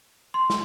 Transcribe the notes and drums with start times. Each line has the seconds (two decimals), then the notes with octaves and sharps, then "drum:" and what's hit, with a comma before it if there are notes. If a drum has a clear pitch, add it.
0.34 C6
0.50 drum: snare